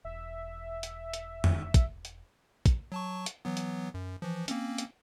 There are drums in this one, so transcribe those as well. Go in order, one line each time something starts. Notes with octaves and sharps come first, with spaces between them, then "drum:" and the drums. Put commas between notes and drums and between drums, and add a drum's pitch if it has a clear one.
E1 E5
drum: hi-hat
drum: hi-hat
drum: tom
drum: kick, hi-hat
drum: hi-hat
drum: kick, hi-hat
F#3 A5 C#6
drum: hi-hat
E3 F#3 B3
drum: hi-hat
F#2
E3 F3
A#3 C4 C#4, drum: hi-hat
drum: hi-hat